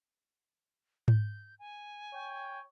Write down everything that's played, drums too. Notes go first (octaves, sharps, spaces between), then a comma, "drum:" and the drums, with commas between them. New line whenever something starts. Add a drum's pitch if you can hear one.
G6, drum: tom G#2
G#5
C#5 G5